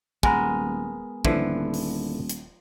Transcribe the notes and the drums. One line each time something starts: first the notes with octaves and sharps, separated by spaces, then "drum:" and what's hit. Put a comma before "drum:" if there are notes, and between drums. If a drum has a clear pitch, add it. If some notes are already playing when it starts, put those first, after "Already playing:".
D#1 G#3 B3 A#4 G#5, drum: kick
D#1 D3 F3 E4 B4, drum: kick
drum: open hi-hat
drum: hi-hat